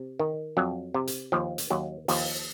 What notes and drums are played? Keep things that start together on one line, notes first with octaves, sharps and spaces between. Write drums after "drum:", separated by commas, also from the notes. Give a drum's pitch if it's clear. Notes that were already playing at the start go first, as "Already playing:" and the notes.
Already playing: C3
D#3
F2 F#3
C3
drum: hi-hat
D#2 F3
drum: hi-hat
D#2 F#3
D#2 F3, drum: open hi-hat